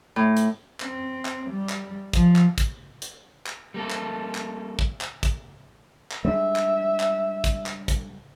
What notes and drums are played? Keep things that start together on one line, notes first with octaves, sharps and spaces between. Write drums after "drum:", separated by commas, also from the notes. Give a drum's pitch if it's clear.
A2
drum: hi-hat
C4, drum: clap
drum: clap
G3
drum: clap
F3, drum: kick, hi-hat
drum: clap
drum: kick, hi-hat
drum: hi-hat
drum: clap
G3 A#3 A4
drum: clap
drum: clap
drum: kick
drum: clap
drum: kick, hi-hat
drum: clap
G3 G#3 D4 E5
drum: clap
drum: clap
drum: kick, hi-hat
drum: clap
drum: kick, hi-hat